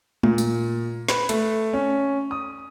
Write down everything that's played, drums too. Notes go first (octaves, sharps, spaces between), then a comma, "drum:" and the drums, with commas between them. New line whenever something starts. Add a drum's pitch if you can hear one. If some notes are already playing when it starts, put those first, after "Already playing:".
A#2, drum: tom
drum: tambourine
B4, drum: snare
A3, drum: hi-hat
C#4
D#6